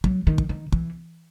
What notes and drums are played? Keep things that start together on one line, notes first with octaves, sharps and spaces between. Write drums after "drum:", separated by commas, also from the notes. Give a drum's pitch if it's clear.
F#3, drum: kick
D#3
drum: kick
D#3
E3, drum: kick